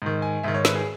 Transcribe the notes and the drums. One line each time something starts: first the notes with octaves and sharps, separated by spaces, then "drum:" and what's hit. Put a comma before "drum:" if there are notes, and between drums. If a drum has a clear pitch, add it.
G#2 D#3
G#5
G#2 D#3 E5
C#5
B4, drum: snare
G#4